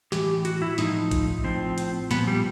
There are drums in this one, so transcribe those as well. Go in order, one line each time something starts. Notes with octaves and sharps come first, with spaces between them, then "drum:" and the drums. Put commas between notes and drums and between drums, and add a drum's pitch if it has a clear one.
A2 E3 G4, drum: snare
F#4, drum: hi-hat
E4
A2 F3 D#4, drum: snare
drum: kick A1, hi-hat
A2 F3 C4
drum: hi-hat
A#2 F3 B3, drum: snare
G3